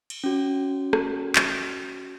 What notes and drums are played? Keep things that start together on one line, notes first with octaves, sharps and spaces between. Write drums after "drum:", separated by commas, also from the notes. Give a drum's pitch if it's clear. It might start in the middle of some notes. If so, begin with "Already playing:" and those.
drum: cymbal
C#4 F#4
drum: rim click
drum: clap